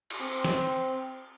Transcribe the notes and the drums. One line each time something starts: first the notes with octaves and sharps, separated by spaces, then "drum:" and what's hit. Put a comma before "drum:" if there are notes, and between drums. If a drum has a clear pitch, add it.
drum: cymbal
C4
drum: snare